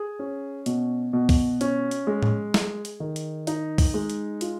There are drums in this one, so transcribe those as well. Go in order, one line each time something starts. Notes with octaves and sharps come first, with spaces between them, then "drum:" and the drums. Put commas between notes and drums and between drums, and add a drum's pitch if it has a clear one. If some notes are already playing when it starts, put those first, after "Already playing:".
Already playing: G#4
C#4
B2, drum: hi-hat
B2
drum: kick, open hi-hat
C#4, drum: hi-hat
drum: hi-hat
G#3
drum: tom A2
G#4, drum: snare
drum: hi-hat
D#3
drum: hi-hat
D#4, drum: hi-hat
drum: kick, open hi-hat
G#3
drum: hi-hat
F4, drum: hi-hat